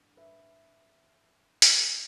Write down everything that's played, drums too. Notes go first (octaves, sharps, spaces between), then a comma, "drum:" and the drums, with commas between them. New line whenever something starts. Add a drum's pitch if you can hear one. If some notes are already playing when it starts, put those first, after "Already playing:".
Already playing: A1 G2 D3
B4 E5
A4 D5, drum: hi-hat